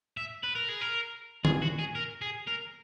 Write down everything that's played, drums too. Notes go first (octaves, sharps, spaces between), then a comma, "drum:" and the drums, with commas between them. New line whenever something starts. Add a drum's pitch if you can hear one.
E5
B4
A#4
G#4
A#4
G#4, drum: tom
F#4
G#4
A#4
G#4
A#4